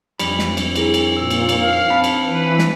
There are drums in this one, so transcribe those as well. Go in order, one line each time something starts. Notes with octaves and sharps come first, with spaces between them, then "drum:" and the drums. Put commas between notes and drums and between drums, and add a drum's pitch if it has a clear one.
F2 G3 B5, drum: cymbal
drum: snare
drum: cymbal
E4 G#4 A#4, drum: cymbal
drum: cymbal
A#2 E6
drum: cymbal
drum: cymbal
F5
C4 A5 B5
drum: cymbal
E3 B4
drum: snare